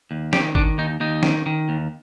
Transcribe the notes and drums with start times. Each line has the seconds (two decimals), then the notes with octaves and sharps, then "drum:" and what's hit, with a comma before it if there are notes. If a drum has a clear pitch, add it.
0.11 D#2
0.33 D#3 G4, drum: snare
0.55 D#3 D4, drum: kick
0.78 D#2 D#4
1.00 D#2 D#4
1.23 D#3, drum: snare
1.46 D#3
1.69 D#2